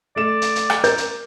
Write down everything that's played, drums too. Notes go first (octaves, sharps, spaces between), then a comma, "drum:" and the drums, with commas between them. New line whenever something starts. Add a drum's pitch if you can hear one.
A3 D5 E7
drum: hi-hat
drum: hi-hat
drum: rim click
A#4 G6, drum: hi-hat
drum: hi-hat